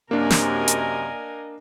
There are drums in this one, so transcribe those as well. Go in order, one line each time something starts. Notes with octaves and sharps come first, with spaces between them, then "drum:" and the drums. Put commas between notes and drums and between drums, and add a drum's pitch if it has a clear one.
F#2 C3 A#3 D4 A#4 D#5 G#5
drum: snare
drum: hi-hat